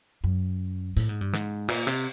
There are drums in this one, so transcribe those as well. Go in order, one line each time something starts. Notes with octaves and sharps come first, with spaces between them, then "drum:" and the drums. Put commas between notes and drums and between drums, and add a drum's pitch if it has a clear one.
F#2
A2, drum: hi-hat
G#2
G2
G#2, drum: snare
A#2, drum: open hi-hat
C3